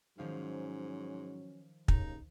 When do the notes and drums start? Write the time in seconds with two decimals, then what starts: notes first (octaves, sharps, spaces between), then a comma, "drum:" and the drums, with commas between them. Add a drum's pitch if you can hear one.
0.18 G#2 D#3 F3 F#3 C#4 F5
1.88 D#2 C#3 D#4, drum: kick